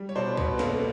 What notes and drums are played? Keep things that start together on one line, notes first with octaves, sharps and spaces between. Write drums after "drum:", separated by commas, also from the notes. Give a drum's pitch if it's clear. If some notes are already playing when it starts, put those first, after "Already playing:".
Already playing: G3
C#5
B2 C5 D5
B2 B4 C#5, drum: kick
A#3 A4 B4, drum: snare